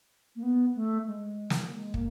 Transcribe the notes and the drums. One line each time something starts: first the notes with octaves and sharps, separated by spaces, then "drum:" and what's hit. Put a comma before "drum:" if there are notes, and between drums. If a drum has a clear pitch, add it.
A#3
B3
A3
G#3
drum: snare
G#3
A#3, drum: kick